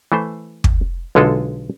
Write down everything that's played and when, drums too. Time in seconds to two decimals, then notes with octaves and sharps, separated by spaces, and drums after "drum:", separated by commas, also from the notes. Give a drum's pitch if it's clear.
0.12 E3 A3 C5
0.64 drum: kick
1.15 B1 D3 G#3 F4 A4